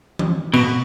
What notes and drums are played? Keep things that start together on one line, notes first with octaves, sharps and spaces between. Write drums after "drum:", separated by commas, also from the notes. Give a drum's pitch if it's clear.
drum: tom E3
B2, drum: cymbal